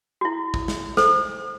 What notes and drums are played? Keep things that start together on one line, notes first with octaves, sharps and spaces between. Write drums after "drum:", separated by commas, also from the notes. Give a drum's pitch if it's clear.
E4 F#4
drum: kick
drum: snare
A4 C5, drum: snare